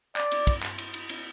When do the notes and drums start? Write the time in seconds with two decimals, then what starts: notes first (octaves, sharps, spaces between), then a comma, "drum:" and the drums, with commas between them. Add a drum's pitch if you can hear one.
0.16 D5, drum: clap
0.32 drum: cymbal
0.47 drum: kick, cymbal
0.63 drum: clap
0.78 drum: cymbal
0.94 drum: cymbal
1.09 drum: cymbal